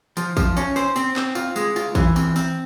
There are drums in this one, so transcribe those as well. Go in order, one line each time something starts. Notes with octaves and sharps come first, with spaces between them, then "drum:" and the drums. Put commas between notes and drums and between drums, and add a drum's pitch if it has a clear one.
F3, drum: tambourine
F3, drum: kick A#1, tambourine
C#4, drum: tambourine
C5, drum: tambourine
C4, drum: tambourine
C4, drum: clap
F4, drum: tambourine
G#3, drum: tambourine
F4, drum: tambourine
E3, drum: kick A#1, tambourine
C4, drum: tambourine
C4, drum: tambourine